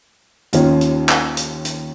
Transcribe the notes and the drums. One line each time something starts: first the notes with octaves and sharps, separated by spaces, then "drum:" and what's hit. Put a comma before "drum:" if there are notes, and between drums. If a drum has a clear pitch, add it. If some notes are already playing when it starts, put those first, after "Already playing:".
D#2 D#3 A#3 C#4 F4, drum: hi-hat
drum: hi-hat
drum: clap
drum: hi-hat
drum: hi-hat